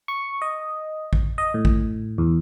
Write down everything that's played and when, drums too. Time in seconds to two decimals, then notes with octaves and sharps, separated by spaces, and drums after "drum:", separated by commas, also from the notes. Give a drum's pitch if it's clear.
0.08 C#6
0.42 D#5
1.13 drum: kick
1.38 D#5
1.54 A2
1.65 drum: kick
2.18 E2